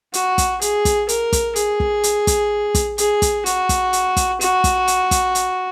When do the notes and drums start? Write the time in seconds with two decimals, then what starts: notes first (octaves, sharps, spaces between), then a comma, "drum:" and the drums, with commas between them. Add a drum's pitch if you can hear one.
0.14 F#4, drum: hi-hat
0.38 drum: kick, hi-hat
0.61 G#4, drum: hi-hat
0.85 drum: kick, hi-hat
1.09 A#4, drum: hi-hat
1.33 drum: kick, hi-hat
1.56 G#4, drum: hi-hat
1.80 drum: kick
2.04 drum: hi-hat
2.27 drum: kick, hi-hat
2.75 drum: kick, hi-hat
2.98 G#4, drum: hi-hat
3.22 drum: kick, hi-hat
3.46 F#4, drum: hi-hat
3.69 drum: kick, hi-hat
3.93 drum: hi-hat
4.17 drum: kick, hi-hat
4.41 F#4, drum: hi-hat
4.64 drum: kick, hi-hat
4.88 drum: hi-hat
5.11 drum: kick, hi-hat
5.35 drum: hi-hat